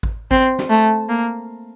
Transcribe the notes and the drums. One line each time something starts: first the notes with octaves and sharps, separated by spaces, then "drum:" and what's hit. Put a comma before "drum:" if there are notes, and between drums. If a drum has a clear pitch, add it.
drum: kick G#1
C4, drum: kick G#1
drum: snare
A3
A#3